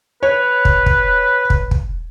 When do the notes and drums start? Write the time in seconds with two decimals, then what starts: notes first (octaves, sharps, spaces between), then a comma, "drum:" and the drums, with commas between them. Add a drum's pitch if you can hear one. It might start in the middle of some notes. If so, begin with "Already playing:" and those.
0.23 B4 C#5
0.65 drum: kick
0.86 drum: kick
1.50 drum: kick
1.71 drum: kick